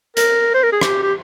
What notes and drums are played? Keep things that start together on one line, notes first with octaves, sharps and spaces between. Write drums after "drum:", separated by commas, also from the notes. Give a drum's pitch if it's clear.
A#4, drum: hi-hat
C5
A#4
G#4
G4, drum: rim click
G4